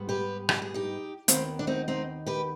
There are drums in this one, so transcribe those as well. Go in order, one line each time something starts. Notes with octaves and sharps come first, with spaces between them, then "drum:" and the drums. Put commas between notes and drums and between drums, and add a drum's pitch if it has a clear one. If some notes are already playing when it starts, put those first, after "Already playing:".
Already playing: G#2 G3 B3
G4 B4
G4, drum: rim click
G#4
D#4 G4
D#2 D#3 B3 C4, drum: hi-hat
D4
C4 D#4
C4 D#4
G4 B4